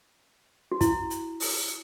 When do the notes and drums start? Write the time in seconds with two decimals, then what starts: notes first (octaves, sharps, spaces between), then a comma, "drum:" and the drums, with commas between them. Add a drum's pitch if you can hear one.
0.72 F#4
0.81 E4, drum: kick, hi-hat
1.10 drum: hi-hat
1.40 drum: open hi-hat